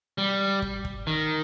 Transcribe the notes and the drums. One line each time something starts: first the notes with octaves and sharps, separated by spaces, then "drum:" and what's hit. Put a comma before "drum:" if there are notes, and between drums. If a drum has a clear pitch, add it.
G3
drum: kick
drum: kick
D#3